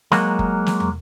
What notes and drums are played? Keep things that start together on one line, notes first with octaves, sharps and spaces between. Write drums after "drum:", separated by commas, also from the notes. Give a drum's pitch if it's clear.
F#3 G#3 A#3 F#4, drum: snare
drum: kick F#1
drum: snare
drum: tom